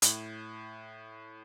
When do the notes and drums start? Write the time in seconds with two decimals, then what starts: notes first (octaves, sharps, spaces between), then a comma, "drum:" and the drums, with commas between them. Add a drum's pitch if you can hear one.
0.02 A2, drum: hi-hat